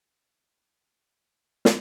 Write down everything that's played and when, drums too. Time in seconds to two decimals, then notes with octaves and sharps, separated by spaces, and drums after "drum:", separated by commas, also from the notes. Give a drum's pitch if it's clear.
0.21 B3
0.39 D4
0.55 D#4
0.74 B4
0.90 B4
1.08 C5
1.26 B4
1.65 drum: snare